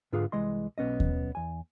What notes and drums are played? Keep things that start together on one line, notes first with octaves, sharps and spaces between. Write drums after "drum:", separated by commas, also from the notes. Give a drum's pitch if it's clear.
G#2 D3 F4 G#4 B4 F5
C2 E3 G#3 D#5 C6
B1 B3 C#4 D#5
drum: kick D#2
E2 G#5